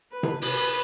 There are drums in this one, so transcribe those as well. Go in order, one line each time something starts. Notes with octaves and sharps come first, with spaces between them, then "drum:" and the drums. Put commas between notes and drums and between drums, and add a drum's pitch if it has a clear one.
B4
drum: tom C3
B4, drum: open hi-hat